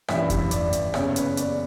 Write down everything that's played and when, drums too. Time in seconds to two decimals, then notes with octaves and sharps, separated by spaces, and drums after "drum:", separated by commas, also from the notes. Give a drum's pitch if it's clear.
0.08 A1 G2 E3 E5, drum: rim click
0.30 drum: kick F2, hi-hat
0.51 D5, drum: hi-hat
0.73 drum: hi-hat
0.94 F#1 E2 C#3 C#5, drum: rim click
1.16 B4, drum: hi-hat
1.37 D5, drum: hi-hat